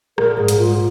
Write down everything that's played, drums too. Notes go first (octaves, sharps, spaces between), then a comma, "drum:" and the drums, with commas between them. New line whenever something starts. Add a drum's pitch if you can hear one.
A#1 A#4, drum: rim click
G#2 G#4
drum: hi-hat
G#2 F4